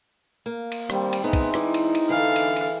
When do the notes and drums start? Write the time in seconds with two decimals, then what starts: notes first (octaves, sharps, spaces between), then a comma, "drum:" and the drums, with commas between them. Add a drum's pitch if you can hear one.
0.46 A#3
0.72 drum: cymbal
0.90 D#3 G3 C4, drum: rim click
1.13 drum: cymbal
1.24 G#3 B3 D#4 E4
1.33 drum: kick, cymbal
1.54 E3 D5 D#5, drum: rim click
1.74 drum: cymbal
1.95 drum: cymbal
2.09 D3 E3 A4 F5
2.36 drum: cymbal
2.56 drum: cymbal